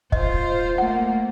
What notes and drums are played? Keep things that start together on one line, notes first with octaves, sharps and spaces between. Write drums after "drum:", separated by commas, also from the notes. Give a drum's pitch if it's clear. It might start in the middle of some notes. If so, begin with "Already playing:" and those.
F4 C5 D#5, drum: kick
A3 A#3 F#5